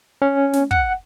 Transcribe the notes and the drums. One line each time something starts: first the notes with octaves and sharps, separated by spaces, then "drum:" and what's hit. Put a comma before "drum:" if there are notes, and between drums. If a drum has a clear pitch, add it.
C#4
drum: snare
F#5, drum: kick